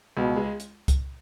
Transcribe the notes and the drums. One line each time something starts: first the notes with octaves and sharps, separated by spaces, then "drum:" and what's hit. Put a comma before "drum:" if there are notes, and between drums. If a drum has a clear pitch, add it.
C#2 B2
G#3
drum: hi-hat
drum: kick C2, hi-hat